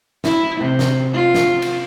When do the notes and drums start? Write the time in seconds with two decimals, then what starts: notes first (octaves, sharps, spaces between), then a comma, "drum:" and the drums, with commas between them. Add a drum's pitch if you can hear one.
0.24 E4, drum: snare
0.60 C3
0.79 drum: snare
1.13 F4
1.35 drum: snare
1.62 drum: cymbal